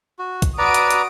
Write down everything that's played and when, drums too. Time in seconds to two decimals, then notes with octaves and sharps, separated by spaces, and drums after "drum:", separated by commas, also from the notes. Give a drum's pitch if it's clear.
0.19 F#4
0.42 drum: kick C2, hi-hat
0.58 F#4 B4 D5 A#5 D#6 D7
0.74 drum: hi-hat
0.90 drum: hi-hat